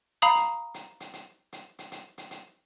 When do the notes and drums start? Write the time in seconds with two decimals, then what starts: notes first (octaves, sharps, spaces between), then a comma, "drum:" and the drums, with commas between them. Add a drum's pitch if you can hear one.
0.22 F5 A#5 B5 D#6 F#7
0.35 drum: hi-hat
0.74 drum: hi-hat
1.00 drum: hi-hat
1.13 drum: hi-hat
1.52 drum: hi-hat
1.79 drum: hi-hat
1.92 drum: hi-hat
2.18 drum: hi-hat
2.31 drum: hi-hat